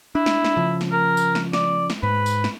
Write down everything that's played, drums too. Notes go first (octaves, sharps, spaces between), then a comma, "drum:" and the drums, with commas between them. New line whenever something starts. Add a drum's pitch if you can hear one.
D4 E4
drum: snare
drum: snare
C#3 F3
drum: snare
A#4
drum: tambourine
drum: snare
D5, drum: snare
drum: snare
G#2 B4
drum: tambourine
drum: snare